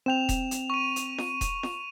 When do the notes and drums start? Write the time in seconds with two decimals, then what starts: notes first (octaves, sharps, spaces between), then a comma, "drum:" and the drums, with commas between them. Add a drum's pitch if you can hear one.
0.06 C4 G5 E7 F7
0.29 drum: kick E1, hi-hat
0.51 drum: hi-hat
0.70 C#6 D#7
0.96 drum: hi-hat
1.18 drum: snare
1.41 drum: kick E1, hi-hat
1.63 drum: snare